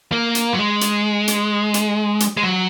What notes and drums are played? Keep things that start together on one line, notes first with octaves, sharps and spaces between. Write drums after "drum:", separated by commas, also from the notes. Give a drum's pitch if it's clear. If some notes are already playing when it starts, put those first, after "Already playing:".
A#3
drum: hi-hat
F#3
G#3
drum: hi-hat
drum: hi-hat
drum: hi-hat
drum: hi-hat
G#3
F#3